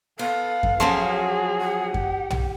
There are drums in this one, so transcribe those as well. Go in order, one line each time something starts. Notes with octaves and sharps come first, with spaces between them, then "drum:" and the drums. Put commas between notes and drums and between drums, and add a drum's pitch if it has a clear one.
B3 A4 F5
drum: kick F#2
F3 F#3 C#4 F#4 G#4 A4 C6
F#5
G4, drum: kick F#2
drum: tom